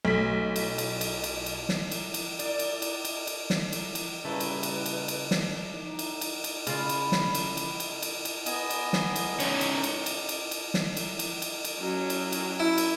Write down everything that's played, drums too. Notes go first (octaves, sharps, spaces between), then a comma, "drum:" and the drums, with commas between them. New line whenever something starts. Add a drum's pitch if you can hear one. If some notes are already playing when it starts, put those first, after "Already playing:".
B1 A3 B6
drum: cymbal
drum: cymbal
drum: cymbal
drum: cymbal
drum: cymbal
drum: snare
drum: cymbal
drum: cymbal
D5, drum: cymbal
drum: cymbal
drum: cymbal
drum: cymbal
drum: cymbal
drum: snare
drum: cymbal
drum: cymbal
A#2 C#3 G3 A3 E4 B4
drum: cymbal
drum: cymbal
drum: cymbal
drum: cymbal
drum: snare
D#4
drum: cymbal
drum: cymbal
drum: cymbal
C#3 F4 B5, drum: cymbal
drum: cymbal
drum: snare
drum: cymbal
drum: cymbal
drum: cymbal
drum: cymbal
drum: cymbal
B3 D#5 G#5, drum: cymbal
drum: cymbal
drum: snare
drum: cymbal
C#4 D#4, drum: cymbal
drum: cymbal
drum: cymbal
drum: cymbal
drum: cymbal
drum: cymbal
drum: snare
drum: cymbal
drum: cymbal
drum: cymbal
drum: cymbal
F#3 C#4
drum: cymbal
drum: cymbal
E4
drum: cymbal